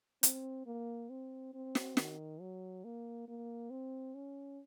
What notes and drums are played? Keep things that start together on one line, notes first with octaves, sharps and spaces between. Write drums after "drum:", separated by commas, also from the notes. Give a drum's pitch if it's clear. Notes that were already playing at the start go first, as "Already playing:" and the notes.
C4, drum: hi-hat
A#3
C4
C4
drum: snare
D#3, drum: snare
F#3
A#3
A#3
C4
C#4